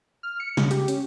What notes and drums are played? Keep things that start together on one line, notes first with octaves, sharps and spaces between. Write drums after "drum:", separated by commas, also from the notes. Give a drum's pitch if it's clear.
F6
C#7
C#3, drum: snare
G4, drum: hi-hat
C#4, drum: hi-hat